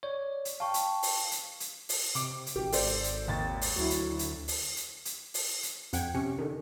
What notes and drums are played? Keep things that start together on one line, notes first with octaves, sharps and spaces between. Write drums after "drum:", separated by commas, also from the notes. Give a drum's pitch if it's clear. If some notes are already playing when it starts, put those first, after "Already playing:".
C#5 D5
drum: hi-hat
F5 G5 A5 C#6
drum: hi-hat
drum: open hi-hat
drum: hi-hat
drum: hi-hat
drum: open hi-hat
C3 D6, drum: hi-hat
drum: hi-hat
A1 G4
G#1 A4 C5 D5, drum: open hi-hat
drum: hi-hat
D#2 A6
drum: open hi-hat
D2 F#3 E4
drum: hi-hat
drum: hi-hat
drum: open hi-hat
drum: hi-hat
drum: hi-hat
drum: open hi-hat
drum: hi-hat
F2 F#5 G5 G#6, drum: hi-hat
C3 C#4 C#7
D3 D#3